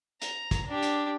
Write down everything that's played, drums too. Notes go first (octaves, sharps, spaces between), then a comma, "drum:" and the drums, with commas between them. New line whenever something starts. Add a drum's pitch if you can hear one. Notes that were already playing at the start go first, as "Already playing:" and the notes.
A#5, drum: hi-hat
drum: kick, hi-hat
D4 G4
drum: hi-hat